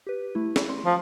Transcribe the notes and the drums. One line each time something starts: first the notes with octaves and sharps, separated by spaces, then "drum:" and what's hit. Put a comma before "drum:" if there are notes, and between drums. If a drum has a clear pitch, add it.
G4 B4
A3 E4
drum: snare
C6
F3